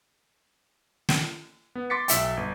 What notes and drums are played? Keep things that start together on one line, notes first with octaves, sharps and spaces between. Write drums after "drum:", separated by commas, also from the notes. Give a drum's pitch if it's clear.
drum: snare
B3
C6 D6 A6 B6 C#7
B1 E5 G5, drum: hi-hat
G1